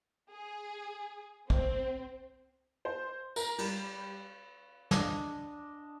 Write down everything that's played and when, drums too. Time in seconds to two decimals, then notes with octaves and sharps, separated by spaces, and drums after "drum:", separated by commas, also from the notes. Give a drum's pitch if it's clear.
0.32 G#4
1.50 C4, drum: kick
2.85 C5
3.36 A#4, drum: tambourine
3.58 G3, drum: cymbal
4.91 D4 D#5, drum: snare